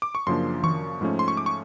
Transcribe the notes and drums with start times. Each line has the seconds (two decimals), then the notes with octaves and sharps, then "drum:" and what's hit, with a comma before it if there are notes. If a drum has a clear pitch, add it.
0.02 D6
0.15 C#6
0.27 F#2 C#3 F3 A#3 D4 C6
0.64 C#6, drum: tom D#3
1.01 G#2 F3 A3 C#4
1.19 C6
1.28 C#6
1.37 D6
1.46 C#6